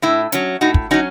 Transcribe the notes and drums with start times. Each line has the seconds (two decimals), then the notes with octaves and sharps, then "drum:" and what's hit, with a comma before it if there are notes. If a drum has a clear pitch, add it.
0.02 A2 E4
0.32 F#3 C#4, drum: hi-hat
0.61 A2 D#4 F#4
0.74 drum: kick
0.91 F#3 C#4 D#4 F#4